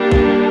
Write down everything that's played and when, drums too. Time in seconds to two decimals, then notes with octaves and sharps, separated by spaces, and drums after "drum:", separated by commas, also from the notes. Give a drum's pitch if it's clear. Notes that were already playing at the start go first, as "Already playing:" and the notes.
Already playing: G3 A#3 D4
0.11 drum: kick A#1